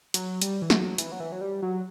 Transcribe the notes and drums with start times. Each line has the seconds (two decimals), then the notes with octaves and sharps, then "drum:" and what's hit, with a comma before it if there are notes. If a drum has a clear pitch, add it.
0.14 F#3, drum: hi-hat
0.42 G3, drum: hi-hat
0.62 E3
0.70 F#3, drum: snare
0.98 E3, drum: hi-hat
1.12 F#3
1.20 E3
1.32 F#3
1.41 G3
1.62 F#3